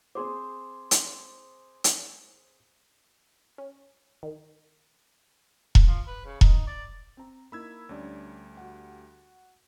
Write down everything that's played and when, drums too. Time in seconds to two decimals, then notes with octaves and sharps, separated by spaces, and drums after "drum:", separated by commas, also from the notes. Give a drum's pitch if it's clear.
0.15 C4 G#4 C5 C6 D6
0.91 drum: hi-hat
1.84 drum: hi-hat
3.58 C#4
4.23 D#3
5.75 drum: kick E1
5.87 F3
6.07 B4
6.26 C#3
6.41 D#4, drum: kick E1
6.67 D5
7.17 C4 A#5
7.52 A#3 D#4 E4 B5 E6 G#6
7.89 D2 G3 C#4 D4
8.57 F#4 F#5